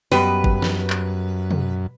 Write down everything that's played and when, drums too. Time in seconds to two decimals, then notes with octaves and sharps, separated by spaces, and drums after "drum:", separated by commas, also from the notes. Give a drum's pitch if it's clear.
0.12 F#2 G3 B3 B4 D#5, drum: open hi-hat
0.44 drum: kick G1
0.62 drum: snare
0.90 drum: clap
1.51 drum: tom